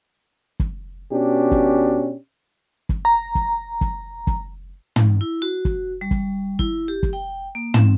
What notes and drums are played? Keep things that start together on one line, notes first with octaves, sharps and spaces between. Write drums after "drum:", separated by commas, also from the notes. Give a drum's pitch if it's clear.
drum: kick
B2 C#4 D4 G4
drum: kick
drum: kick
A#5
drum: kick
drum: kick
drum: kick
drum: tom
E4
F#4
drum: kick
G3
drum: kick
E4, drum: kick
G4
drum: kick
G5
A#3
C4, drum: tom